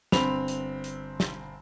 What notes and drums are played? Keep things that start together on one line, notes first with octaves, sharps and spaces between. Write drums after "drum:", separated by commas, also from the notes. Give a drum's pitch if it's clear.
G1 C4 B5 F7, drum: snare
drum: hi-hat
drum: hi-hat
drum: snare